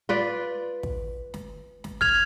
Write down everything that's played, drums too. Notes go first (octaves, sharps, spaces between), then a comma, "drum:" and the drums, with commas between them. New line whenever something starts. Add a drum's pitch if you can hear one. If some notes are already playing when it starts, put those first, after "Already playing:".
F4 B4 D5
drum: kick
drum: snare
drum: snare
F6 G#6 F7, drum: kick